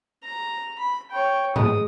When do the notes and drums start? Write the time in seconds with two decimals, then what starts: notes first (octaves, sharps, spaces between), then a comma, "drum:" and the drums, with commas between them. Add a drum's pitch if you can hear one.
0.24 A#5
0.78 B5
1.11 C#5 G5
1.56 G#3 D#6, drum: tom G2